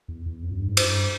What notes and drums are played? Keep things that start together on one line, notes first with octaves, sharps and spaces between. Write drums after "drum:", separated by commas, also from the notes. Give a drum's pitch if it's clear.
E2
E2
F2
F#2
G2
G#2
G2, drum: cymbal
F#2
G2